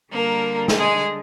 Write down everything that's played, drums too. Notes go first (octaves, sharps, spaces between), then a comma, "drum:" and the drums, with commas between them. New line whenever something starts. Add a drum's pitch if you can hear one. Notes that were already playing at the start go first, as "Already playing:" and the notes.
D3 G3 A#3 A#4
drum: snare
G#3 G#4